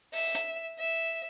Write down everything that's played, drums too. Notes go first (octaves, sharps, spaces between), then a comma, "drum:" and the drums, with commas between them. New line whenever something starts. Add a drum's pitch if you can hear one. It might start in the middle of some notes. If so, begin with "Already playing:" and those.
E5, drum: open hi-hat
drum: hi-hat
E5